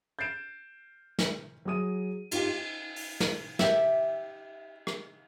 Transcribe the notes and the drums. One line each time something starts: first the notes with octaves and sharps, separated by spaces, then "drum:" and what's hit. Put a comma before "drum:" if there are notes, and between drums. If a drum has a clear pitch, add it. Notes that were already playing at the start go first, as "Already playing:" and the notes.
G6 A6 C7 D7 E7
drum: snare
F#3 G#4 D#6 D#7
G#2 F4 G4, drum: cymbal
drum: open hi-hat
drum: snare
G4 E5, drum: snare
drum: rim click